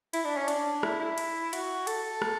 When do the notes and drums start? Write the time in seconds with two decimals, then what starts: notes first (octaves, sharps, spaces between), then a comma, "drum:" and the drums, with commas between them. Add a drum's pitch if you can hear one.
0.13 E4, drum: cymbal
0.25 D4
0.37 C#4
0.48 D4, drum: cymbal
0.83 E4, drum: rim click
1.00 E4
1.18 drum: cymbal
1.53 F#4, drum: cymbal
1.87 A4, drum: cymbal
2.22 drum: rim click